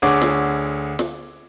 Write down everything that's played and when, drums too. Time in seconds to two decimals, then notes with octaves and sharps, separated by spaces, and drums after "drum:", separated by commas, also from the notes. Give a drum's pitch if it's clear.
0.02 D2 D3 G#4 C#5 D6
0.22 drum: snare
0.99 drum: snare